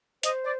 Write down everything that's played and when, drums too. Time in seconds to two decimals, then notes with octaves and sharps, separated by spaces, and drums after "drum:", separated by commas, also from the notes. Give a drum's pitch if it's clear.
0.23 C5 D#5, drum: hi-hat
0.43 D5